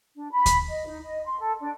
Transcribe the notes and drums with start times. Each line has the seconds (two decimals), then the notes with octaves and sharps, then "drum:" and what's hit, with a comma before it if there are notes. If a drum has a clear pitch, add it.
0.14 D4
0.31 B5
0.46 drum: kick D2, hi-hat
0.67 D#5
0.86 D#4
1.03 D#5
1.24 C6
1.38 A4
1.59 D4